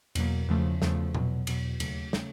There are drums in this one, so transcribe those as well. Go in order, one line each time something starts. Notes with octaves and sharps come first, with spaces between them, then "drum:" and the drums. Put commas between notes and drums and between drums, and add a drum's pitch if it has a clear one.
E2 B2 F#3 A#3, drum: cymbal
E2 C#3 F3 A3
E2 C#3 F3 A3, drum: snare
E2 B2 F#3, drum: tom A#2
E2 B2 F#3, drum: cymbal
D#2 C#3 F#3 A3, drum: cymbal
C#3 F#3 A3, drum: snare